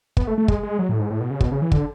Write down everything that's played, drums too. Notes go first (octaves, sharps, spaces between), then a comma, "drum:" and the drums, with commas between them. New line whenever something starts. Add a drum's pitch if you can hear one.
B3, drum: kick
A3
A3
G#3, drum: kick
G#3
F#3
A2
G#2
A2
B2
C#3
B2, drum: kick
C#3
E3
D3, drum: kick